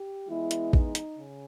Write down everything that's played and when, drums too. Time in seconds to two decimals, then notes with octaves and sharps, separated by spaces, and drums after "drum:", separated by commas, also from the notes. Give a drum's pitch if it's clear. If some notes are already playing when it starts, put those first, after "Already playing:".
Already playing: G4
0.29 E3 G#3 B3 E4
0.51 drum: hi-hat
0.73 D#4, drum: kick
0.95 drum: hi-hat
1.17 C#3